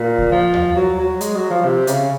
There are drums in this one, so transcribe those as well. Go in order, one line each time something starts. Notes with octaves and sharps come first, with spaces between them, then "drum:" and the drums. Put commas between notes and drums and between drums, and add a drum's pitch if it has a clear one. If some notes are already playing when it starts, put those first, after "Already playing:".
Already playing: A#2
drum: kick C#2
F3
drum: tom D#2
F#3
F#3
G#3, drum: hi-hat
F#3
F3
C3
C#3, drum: hi-hat